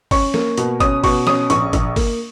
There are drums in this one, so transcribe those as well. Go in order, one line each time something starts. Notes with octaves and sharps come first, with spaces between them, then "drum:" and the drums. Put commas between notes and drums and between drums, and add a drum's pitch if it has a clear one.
C#4 C#6, drum: kick, open hi-hat
A#3, drum: snare
B2, drum: hi-hat
C#4 D#6, drum: kick, hi-hat
B2 C#6, drum: kick, open hi-hat
C#4 D#6, drum: snare
A#1 C#6, drum: hi-hat
A#1, drum: kick, hi-hat
A#3, drum: kick, open hi-hat